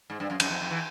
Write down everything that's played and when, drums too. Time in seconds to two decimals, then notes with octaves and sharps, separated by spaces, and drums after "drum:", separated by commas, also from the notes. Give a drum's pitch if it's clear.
0.10 G#2
0.20 G2
0.30 F#2
0.40 F#2, drum: cymbal
0.49 F2
0.61 F2
0.70 E3